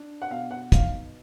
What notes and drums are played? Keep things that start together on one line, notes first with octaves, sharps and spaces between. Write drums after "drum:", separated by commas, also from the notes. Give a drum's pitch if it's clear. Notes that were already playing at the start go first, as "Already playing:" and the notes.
Already playing: D4
F#5
B2 F5
F#5
D#4 F5, drum: kick, hi-hat